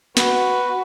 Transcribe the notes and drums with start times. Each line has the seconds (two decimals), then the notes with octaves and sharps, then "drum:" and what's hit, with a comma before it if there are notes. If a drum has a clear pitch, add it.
0.17 F#4 B4, drum: snare